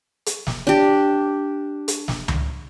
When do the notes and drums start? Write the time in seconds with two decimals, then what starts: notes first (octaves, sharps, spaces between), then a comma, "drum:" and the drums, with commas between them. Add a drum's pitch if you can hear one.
0.26 drum: hi-hat
0.47 drum: snare
0.67 D4 G4
1.88 drum: hi-hat
2.08 drum: snare
2.28 drum: tom C#2